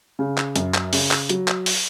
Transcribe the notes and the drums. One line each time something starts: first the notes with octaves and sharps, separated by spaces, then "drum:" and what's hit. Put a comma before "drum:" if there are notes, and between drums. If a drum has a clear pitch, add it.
C#3
drum: clap
F#2, drum: hi-hat
drum: clap
C#3, drum: open hi-hat
drum: clap
F#3, drum: hi-hat
drum: clap
drum: open hi-hat